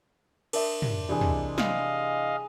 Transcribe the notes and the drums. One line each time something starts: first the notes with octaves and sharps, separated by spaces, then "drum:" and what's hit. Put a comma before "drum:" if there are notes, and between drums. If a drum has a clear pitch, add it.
D4 A#4 C5 E5 D#6, drum: cymbal
drum: tom
C3 E3 G3 G#3 D4
drum: tom
D#5 F5, drum: snare